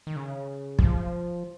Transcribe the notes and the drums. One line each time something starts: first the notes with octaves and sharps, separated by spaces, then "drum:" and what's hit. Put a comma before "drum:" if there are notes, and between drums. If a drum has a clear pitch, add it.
D#3
C#3
F3, drum: kick